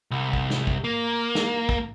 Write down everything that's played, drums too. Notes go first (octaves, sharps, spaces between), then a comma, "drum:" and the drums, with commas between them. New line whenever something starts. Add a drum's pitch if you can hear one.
C2
drum: kick
drum: snare
drum: kick
A#3
drum: snare
drum: kick